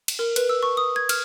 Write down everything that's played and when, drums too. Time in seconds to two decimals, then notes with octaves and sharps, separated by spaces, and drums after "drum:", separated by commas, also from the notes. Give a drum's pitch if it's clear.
0.08 drum: cymbal
0.19 A#4
0.36 B4, drum: cymbal
0.49 E6
0.63 C#6
0.77 D#6
0.96 G#6
1.09 F6, drum: cymbal